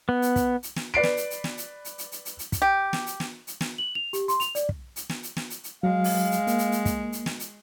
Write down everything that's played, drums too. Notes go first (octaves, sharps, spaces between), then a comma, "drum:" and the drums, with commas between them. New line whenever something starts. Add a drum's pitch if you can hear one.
B3
drum: hi-hat
drum: kick, hi-hat
drum: hi-hat
drum: snare
B4 D5 C7 D7
drum: snare
drum: hi-hat
drum: hi-hat
drum: snare
drum: hi-hat
drum: hi-hat
drum: hi-hat
drum: hi-hat
drum: hi-hat
drum: hi-hat
drum: kick, hi-hat
G4
drum: snare
drum: hi-hat
drum: snare
drum: hi-hat
drum: snare
F#7
F7
G4, drum: hi-hat
C6, drum: hi-hat
F7, drum: hi-hat
D5, drum: hi-hat
drum: kick
drum: hi-hat
drum: snare
drum: hi-hat
drum: snare
drum: hi-hat
drum: hi-hat
F#3 G#3 F5
drum: open hi-hat
drum: hi-hat
A#3, drum: hi-hat
drum: hi-hat
drum: hi-hat
drum: kick, hi-hat
drum: hi-hat
drum: snare
drum: hi-hat